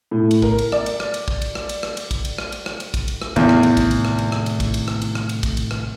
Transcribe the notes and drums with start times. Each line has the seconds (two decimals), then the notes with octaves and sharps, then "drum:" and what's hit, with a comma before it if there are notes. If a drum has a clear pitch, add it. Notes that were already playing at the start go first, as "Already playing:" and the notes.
0.11 A2
0.31 drum: cymbal
0.42 A#4, drum: kick
0.58 drum: cymbal
0.72 D5, drum: rim click
0.86 drum: cymbal
1.00 drum: rim click
1.14 drum: cymbal
1.28 drum: kick
1.42 drum: cymbal
1.55 drum: rim click
1.69 drum: cymbal
1.83 drum: rim click
1.97 drum: cymbal
2.11 drum: kick, cymbal
2.25 drum: cymbal
2.38 drum: rim click
2.52 drum: cymbal
2.66 drum: rim click
2.80 drum: cymbal
2.94 drum: kick, cymbal
3.08 drum: cymbal
3.22 drum: rim click
3.36 E2 A2 C3 D#3, drum: cymbal
3.49 drum: rim click
3.63 drum: cymbal
3.77 drum: kick, cymbal
3.91 drum: cymbal
4.05 drum: rim click
4.18 drum: cymbal
4.32 drum: rim click
4.46 drum: cymbal
4.60 drum: kick, cymbal
4.74 drum: cymbal
4.88 drum: rim click
5.02 drum: cymbal
5.15 drum: rim click
5.29 drum: cymbal
5.43 drum: kick, cymbal
5.57 drum: cymbal
5.71 drum: rim click